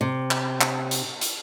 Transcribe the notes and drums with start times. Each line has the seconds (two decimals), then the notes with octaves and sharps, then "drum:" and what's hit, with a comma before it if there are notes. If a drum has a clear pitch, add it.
0.01 C3
0.31 drum: clap
0.61 drum: clap
0.91 drum: hi-hat
1.21 drum: hi-hat